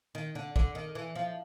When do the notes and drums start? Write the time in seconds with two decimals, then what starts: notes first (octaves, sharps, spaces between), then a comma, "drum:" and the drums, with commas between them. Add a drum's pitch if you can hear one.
0.15 D#3
0.35 D3
0.56 D3, drum: kick
0.75 D#3
0.95 E3
1.16 F3